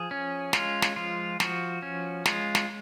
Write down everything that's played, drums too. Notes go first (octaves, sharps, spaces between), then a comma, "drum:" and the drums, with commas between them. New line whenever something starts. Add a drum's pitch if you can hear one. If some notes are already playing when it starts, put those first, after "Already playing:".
Already playing: F3 G#4
C#4
G#3 F4, drum: snare
drum: snare
F3 F4
F3 F#4, drum: snare
C#4
G#3 F4, drum: snare
drum: snare